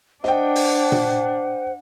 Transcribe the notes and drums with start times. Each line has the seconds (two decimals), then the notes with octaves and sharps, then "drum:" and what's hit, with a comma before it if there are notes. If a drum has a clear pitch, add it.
0.24 D4 C5 D#5 F#5 G5, drum: snare
0.55 drum: open hi-hat
0.92 drum: tom A#2